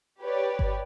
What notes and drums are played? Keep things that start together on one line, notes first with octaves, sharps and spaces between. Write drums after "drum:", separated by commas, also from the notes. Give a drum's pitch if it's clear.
G4 B4 C#5 D5
drum: kick G1